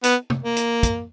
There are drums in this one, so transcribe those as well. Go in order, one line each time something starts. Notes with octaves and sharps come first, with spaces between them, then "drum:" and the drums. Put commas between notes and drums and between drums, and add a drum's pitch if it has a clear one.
B3, drum: hi-hat
drum: tom C3
A#3
drum: hi-hat
drum: kick, hi-hat